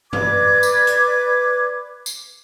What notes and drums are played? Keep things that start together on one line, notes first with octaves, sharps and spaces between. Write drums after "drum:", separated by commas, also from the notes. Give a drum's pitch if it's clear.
B4 D5 D6 G#6, drum: tom
drum: tambourine
drum: hi-hat
drum: tambourine